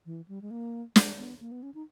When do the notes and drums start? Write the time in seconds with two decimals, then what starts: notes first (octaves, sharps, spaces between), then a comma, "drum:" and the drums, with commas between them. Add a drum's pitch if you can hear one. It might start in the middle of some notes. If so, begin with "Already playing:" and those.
0.06 E3
0.28 G3
0.42 G#3
0.51 A#3
0.96 G#3, drum: snare
1.18 B3
1.40 A#3
1.52 B3
1.63 C#4
1.74 D#4